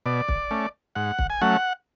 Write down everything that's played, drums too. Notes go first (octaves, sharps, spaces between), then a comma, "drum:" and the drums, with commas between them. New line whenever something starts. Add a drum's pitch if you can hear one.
B2 D5
drum: kick
A3 C#4
G#2 F#5
drum: kick
G#5
F#3 A3 C#4 F#5